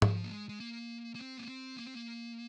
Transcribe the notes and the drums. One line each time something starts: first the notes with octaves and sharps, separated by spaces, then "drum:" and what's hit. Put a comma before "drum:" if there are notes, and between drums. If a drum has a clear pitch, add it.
F3, drum: tom G#2
A#3
G#3
G#3
A#3
A#3
C4
A#3
C4
A#3
C4
A#3